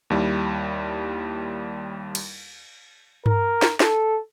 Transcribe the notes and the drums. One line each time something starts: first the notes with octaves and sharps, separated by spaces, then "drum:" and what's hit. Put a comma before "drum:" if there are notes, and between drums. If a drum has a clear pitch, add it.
D#2 G3 E4
drum: cymbal
A#4, drum: tom G2
drum: snare
A4, drum: snare